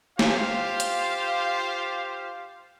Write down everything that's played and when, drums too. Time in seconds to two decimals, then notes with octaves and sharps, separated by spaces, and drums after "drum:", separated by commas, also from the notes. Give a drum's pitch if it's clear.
0.19 F4 G4 C5 F5, drum: snare
0.80 drum: hi-hat